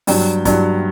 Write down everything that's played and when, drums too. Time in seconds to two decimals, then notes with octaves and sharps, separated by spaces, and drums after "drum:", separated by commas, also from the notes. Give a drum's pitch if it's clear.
0.07 G2 F#3 G5, drum: open hi-hat
0.45 G2 F#3, drum: kick, hi-hat